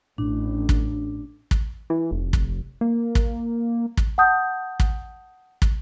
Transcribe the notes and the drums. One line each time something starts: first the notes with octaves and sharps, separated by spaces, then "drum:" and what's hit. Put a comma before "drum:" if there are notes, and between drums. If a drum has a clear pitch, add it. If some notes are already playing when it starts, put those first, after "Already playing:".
A1 A2 D4
drum: kick
drum: kick
E3
F1
drum: kick
A#3
drum: kick
drum: kick
F#5 A5 D#6 G6
drum: kick
drum: kick